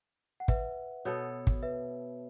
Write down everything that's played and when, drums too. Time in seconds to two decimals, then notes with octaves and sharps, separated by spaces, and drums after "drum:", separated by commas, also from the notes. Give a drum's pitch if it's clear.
0.40 F#5
0.48 B4 E5, drum: kick
1.05 B2 B3 A4 C#5
1.47 drum: kick
1.63 B4 E5